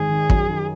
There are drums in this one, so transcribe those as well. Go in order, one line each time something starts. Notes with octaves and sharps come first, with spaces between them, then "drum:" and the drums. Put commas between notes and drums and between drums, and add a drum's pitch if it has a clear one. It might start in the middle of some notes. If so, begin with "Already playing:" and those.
Already playing: G#1 G#4
D#3
F#2, drum: kick
D#3